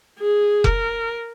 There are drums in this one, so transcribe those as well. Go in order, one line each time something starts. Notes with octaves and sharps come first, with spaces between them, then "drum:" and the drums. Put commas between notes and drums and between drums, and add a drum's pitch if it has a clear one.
G#4
A#4, drum: kick F1